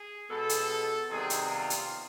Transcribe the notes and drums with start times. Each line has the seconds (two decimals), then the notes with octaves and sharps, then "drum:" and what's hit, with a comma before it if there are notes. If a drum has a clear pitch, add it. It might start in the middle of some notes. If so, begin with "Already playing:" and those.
Already playing: G#4
0.29 B2 G#3 B3 A4
0.49 drum: hi-hat
1.09 C3 D#3 G3 B3 G#4
1.30 drum: hi-hat
1.49 F4
1.70 drum: hi-hat